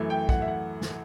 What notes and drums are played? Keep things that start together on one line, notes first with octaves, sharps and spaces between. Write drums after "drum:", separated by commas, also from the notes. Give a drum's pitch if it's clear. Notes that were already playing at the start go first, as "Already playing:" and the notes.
Already playing: F#2 E3 A3
G5
F#5, drum: kick
E5
F#5
drum: snare